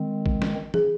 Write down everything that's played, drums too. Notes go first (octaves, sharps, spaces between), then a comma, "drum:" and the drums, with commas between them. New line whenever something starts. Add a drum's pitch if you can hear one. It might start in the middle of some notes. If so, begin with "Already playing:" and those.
Already playing: D#3 G#3 C4
drum: kick A1
drum: snare
G#4, drum: tom E3